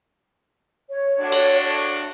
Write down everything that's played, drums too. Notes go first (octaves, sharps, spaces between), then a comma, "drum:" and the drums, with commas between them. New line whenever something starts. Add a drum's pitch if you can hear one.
C#5
A2 D4 F#4
drum: cymbal